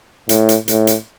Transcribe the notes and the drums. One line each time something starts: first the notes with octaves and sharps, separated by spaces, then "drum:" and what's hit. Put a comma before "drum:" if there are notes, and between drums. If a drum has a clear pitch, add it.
A2, drum: hi-hat
drum: hi-hat
A2, drum: hi-hat
drum: hi-hat